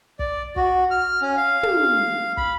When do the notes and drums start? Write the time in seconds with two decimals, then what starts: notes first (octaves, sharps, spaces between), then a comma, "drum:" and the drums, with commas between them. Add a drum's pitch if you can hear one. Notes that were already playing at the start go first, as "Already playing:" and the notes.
0.19 D5, drum: kick
0.56 F#4, drum: kick
0.91 F6
1.22 C#4
1.37 F5
1.63 drum: tom
2.37 B5, drum: kick